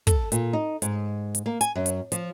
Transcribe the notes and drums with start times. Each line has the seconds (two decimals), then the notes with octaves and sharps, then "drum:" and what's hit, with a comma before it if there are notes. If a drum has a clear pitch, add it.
0.07 A4, drum: kick, hi-hat
0.32 A#2, drum: hi-hat
0.53 D#4
0.82 G#2, drum: hi-hat
1.35 drum: hi-hat
1.46 A#3
1.61 G#5, drum: hi-hat
1.75 F#2
1.86 drum: hi-hat
2.12 F3, drum: hi-hat